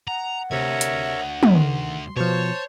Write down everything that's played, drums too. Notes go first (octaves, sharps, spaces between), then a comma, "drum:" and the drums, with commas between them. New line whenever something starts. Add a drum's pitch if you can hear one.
F#5 A#5
D2 C3 A#4 C#5 E5 G#6
drum: hi-hat
drum: tom
D#3 C6
B2 F3 C5 C#5 A5